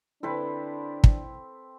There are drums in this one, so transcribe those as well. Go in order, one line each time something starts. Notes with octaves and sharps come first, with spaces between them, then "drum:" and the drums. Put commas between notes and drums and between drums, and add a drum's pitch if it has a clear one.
D3 C4 D4 E4 A4 B4
drum: kick